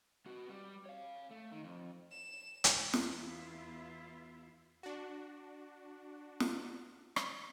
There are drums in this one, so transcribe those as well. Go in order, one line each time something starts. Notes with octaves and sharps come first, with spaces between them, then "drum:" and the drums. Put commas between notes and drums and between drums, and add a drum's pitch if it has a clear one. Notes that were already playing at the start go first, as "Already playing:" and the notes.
B3 F#4
G3
C#5 F5
A3
D#3
F2
E7
drum: hi-hat
E2 B3 E4 F4 E5, drum: snare
D4 F#4
drum: snare
drum: rim click